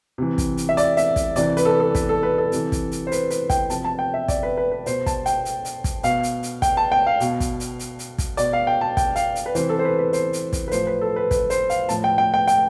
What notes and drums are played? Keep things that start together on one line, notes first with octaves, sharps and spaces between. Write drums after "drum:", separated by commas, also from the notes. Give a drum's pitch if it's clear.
C3 E3
drum: kick, hi-hat
drum: hi-hat
E5
D5, drum: hi-hat
E5, drum: hi-hat
drum: kick, hi-hat
C3 E3 D5, drum: hi-hat
B4, drum: hi-hat
A4
A4
B4, drum: kick, hi-hat
A4
B4
A4
C3 E3, drum: hi-hat
drum: kick, hi-hat
drum: hi-hat
C5
B4, drum: hi-hat
B4, drum: hi-hat
G5, drum: kick, hi-hat
C3 F3 A5, drum: hi-hat
A5
G5
E5
D5, drum: kick, hi-hat
B4
B4
B4
B2 C5, drum: hi-hat
A5, drum: kick, hi-hat
G5, drum: hi-hat
drum: hi-hat
drum: hi-hat
drum: kick, hi-hat
B2 F5, drum: hi-hat
drum: hi-hat
drum: hi-hat
G5, drum: kick, hi-hat
A5
G5
F5
B2, drum: hi-hat
drum: kick, hi-hat
drum: hi-hat
drum: hi-hat
drum: hi-hat
drum: kick, hi-hat
B2 D5, drum: hi-hat
F5
G5
A5
G5, drum: kick, hi-hat
F5, drum: hi-hat
drum: hi-hat
B4
C3 E3 C5, drum: hi-hat
A4
C5
B4
B4
C5, drum: hi-hat
drum: hi-hat
drum: kick, hi-hat
B4
A2 F3 C5, drum: hi-hat
B4
A4
B4
B4, drum: kick, hi-hat
C5, drum: hi-hat
F5, drum: hi-hat
A2 F3 A5, drum: hi-hat
G5
G5
G5
G5, drum: hi-hat